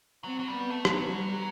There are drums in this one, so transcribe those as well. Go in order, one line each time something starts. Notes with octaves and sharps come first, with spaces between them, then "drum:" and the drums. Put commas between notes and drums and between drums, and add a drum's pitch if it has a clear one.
F#3 C4
F#3
G3
B3
A3
B3, drum: rim click
F#3
G3